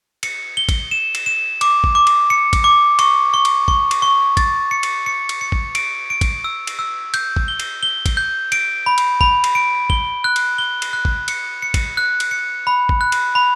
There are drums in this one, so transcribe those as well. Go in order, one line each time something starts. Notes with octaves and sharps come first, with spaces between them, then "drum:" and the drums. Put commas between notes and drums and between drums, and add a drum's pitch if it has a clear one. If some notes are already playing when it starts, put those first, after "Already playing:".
C#7, drum: cymbal
G7
drum: kick, cymbal
E7
drum: cymbal
E7
D6, drum: cymbal
drum: kick
D6
drum: cymbal
C#7
drum: kick, cymbal
D6
C#6, drum: cymbal
C#6
drum: cymbal
C#6, drum: kick
drum: cymbal
C#6
A6, drum: kick, cymbal
C#7
drum: cymbal
C#7
drum: cymbal
C#7
drum: kick
D7, drum: cymbal
D7
drum: kick, cymbal
E6
drum: cymbal
E6
G6, drum: cymbal
drum: kick
G7
drum: cymbal
G7
drum: kick, cymbal
G6
D7, drum: cymbal
B5
drum: cymbal
B5, drum: kick
drum: cymbal
D7
G7, drum: kick
F#6
drum: cymbal
G7
drum: cymbal
F#6
drum: kick
C#7, drum: cymbal
C#7
drum: kick, cymbal
F#6
drum: cymbal
C#7
B5
drum: kick
F#6
drum: cymbal
B5